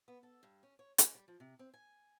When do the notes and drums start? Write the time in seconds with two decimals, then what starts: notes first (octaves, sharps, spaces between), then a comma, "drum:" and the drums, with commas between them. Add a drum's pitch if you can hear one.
0.08 B3
0.23 A4
0.43 G2
0.63 C#4
0.79 C#5
0.98 G#5, drum: hi-hat
1.15 G3
1.28 F3
1.40 C3
1.59 C4
1.74 G#5